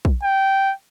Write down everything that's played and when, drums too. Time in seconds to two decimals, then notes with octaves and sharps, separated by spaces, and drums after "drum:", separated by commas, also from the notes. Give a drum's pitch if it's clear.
0.05 drum: kick A#1
0.23 G5